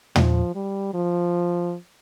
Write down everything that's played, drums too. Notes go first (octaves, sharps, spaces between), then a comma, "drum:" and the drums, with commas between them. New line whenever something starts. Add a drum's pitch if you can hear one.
F3, drum: tom
G3
F3